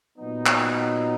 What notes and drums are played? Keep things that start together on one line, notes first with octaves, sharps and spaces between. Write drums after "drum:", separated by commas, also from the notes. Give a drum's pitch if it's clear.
A#2 F#3 B3 D#4
drum: clap